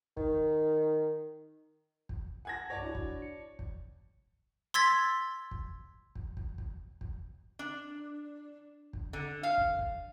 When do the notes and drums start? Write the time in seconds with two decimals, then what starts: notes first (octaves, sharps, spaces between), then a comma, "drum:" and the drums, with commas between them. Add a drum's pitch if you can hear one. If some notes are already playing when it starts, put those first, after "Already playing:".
0.17 D#3, drum: kick
2.09 drum: kick
2.45 F#5 G#5 A5 G#6 A#6
2.70 C2 G2 C#5 D5 A5 C#6
2.82 D4 E4 F#4
2.95 drum: kick
3.22 C#7
3.59 drum: kick
4.74 C6 E6 G#6 A6 B6
5.51 drum: kick
6.15 drum: kick
6.37 drum: kick
6.58 drum: kick
7.01 drum: kick
7.59 D4
8.93 drum: kick
9.13 D3
9.43 F5
9.57 drum: kick
9.79 drum: kick